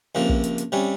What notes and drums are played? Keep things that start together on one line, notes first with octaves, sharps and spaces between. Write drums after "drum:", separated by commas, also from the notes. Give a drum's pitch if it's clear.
C#2 C3 F3 A#3
drum: kick
drum: hi-hat
drum: hi-hat
C3 G3 C#4